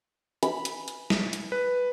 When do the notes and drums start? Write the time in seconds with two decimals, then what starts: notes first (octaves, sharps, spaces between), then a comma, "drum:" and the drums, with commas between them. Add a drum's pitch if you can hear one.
0.43 B5, drum: hi-hat
0.65 drum: hi-hat
0.88 drum: hi-hat
1.10 drum: snare
1.33 drum: hi-hat
1.52 B4